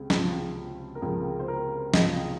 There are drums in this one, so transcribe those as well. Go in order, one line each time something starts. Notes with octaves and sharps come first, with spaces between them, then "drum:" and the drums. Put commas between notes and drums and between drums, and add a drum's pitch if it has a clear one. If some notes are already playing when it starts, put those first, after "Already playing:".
Already playing: C#2 C3 G#4
C#2 C3 F3, drum: snare
A#4
C#2 C3 F3 G#4
C5
A#4
C#2 C3 F3 D#5, drum: snare